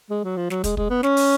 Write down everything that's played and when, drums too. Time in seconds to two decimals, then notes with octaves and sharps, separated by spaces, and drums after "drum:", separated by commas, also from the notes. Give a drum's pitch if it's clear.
0.10 G#3
0.24 F#3
0.37 F3
0.50 F#3, drum: snare
0.64 G#3, drum: kick, hi-hat
0.77 G#3, drum: kick
0.90 B3
1.03 C#4, drum: snare
1.17 drum: open hi-hat